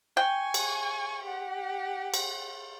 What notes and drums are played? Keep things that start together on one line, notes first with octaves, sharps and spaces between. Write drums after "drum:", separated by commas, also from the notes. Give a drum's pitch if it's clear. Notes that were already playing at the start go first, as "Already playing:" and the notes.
G5 G#5 C#6
drum: cymbal
G4 F#5
drum: cymbal